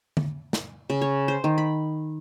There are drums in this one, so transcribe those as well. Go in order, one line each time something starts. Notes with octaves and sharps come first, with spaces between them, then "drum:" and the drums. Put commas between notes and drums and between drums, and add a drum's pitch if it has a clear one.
drum: tom D3
drum: snare
C#3
C#5
C5
D#3
B5